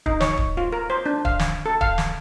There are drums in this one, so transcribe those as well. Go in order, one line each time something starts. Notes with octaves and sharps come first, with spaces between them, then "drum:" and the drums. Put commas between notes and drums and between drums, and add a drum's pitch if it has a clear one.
D#4, drum: kick
C#5, drum: snare
drum: kick
F4
A#4
C5
D4
F5, drum: kick
drum: snare
A4
F5, drum: kick
drum: snare